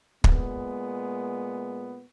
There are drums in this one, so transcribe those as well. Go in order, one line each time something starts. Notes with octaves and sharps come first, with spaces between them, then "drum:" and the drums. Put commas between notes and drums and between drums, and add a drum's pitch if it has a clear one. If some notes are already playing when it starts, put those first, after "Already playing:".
A#2 G#3 B3, drum: kick